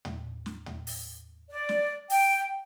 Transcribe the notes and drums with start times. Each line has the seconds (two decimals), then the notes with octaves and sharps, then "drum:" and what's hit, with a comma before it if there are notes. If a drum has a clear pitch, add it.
0.05 drum: tom
0.46 drum: snare
0.66 drum: tom
0.87 drum: open hi-hat
1.50 D5
1.69 drum: snare
2.10 G5, drum: open hi-hat